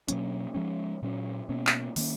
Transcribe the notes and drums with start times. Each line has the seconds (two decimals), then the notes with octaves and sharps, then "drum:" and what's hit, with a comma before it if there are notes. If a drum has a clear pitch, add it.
0.08 B2 F#3 A#3 C#4, drum: hi-hat
0.55 F3 G#3 C#4
1.02 A#2 F#3 C#4
1.49 B2 A#3 C#4
1.67 drum: clap
1.96 D#3 A#3 C#4, drum: open hi-hat